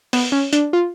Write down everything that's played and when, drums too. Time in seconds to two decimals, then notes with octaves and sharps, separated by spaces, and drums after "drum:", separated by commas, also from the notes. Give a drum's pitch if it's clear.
0.13 B3, drum: open hi-hat
0.32 C#4
0.53 D4, drum: hi-hat
0.73 F4